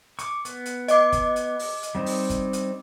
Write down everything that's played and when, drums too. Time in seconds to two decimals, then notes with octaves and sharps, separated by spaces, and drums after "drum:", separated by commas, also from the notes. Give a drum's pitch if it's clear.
0.19 C#6 D6, drum: hi-hat
0.45 B3, drum: hi-hat
0.66 drum: hi-hat
0.88 D#5 D6, drum: hi-hat
1.12 drum: kick G1, hi-hat
1.36 drum: hi-hat
1.59 drum: open hi-hat
1.83 drum: hi-hat
1.95 G3 C4 D#4
2.06 drum: open hi-hat
2.30 drum: kick G1, hi-hat
2.53 drum: hi-hat